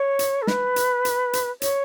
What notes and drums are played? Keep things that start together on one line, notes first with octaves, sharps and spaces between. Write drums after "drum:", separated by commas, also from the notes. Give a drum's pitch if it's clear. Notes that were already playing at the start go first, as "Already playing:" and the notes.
Already playing: C#5
drum: hi-hat
A4
B4, drum: snare
drum: hi-hat
drum: hi-hat
drum: hi-hat
C#5, drum: hi-hat